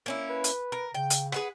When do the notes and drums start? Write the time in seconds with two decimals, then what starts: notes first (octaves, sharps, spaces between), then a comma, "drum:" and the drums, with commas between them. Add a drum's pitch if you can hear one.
0.06 A#3 C#4 E4
0.30 B4
0.44 drum: hi-hat
0.72 A#4
0.94 C#3 G5
1.10 drum: hi-hat
1.32 G#4 B4 F#5, drum: rim click